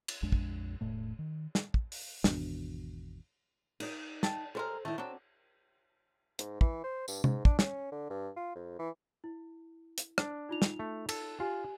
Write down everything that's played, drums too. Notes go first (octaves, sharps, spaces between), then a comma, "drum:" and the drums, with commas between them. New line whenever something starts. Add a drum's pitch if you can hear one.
drum: cymbal
A#1 F2 G#3 D4
drum: kick
E1 A2 A3
D#3
drum: snare
drum: kick
drum: open hi-hat
G#1 E2 B2 D4, drum: snare
D#4 D5, drum: cymbal
G5 A5, drum: snare
G3 G#3 A4 A#4 C5
D#3 A3 D4 E4
F#3 C4 D4
G#2, drum: hi-hat
E3, drum: kick
C5
G2, drum: tambourine
G#2, drum: tom C3
D4, drum: kick
C#4, drum: snare
D3
G2
F4
F2
E3
E4
drum: hi-hat
D4, drum: rim click
D#4 F4 F7
drum: snare
A3
A4, drum: cymbal
F4 G4 G#5